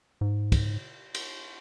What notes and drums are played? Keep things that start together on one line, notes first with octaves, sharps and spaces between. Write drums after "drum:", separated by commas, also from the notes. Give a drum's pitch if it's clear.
G#2
drum: kick, cymbal
drum: cymbal